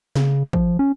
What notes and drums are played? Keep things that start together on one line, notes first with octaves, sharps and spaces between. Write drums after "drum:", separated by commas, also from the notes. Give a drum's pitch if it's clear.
C#3, drum: snare
F3, drum: kick A1
C#4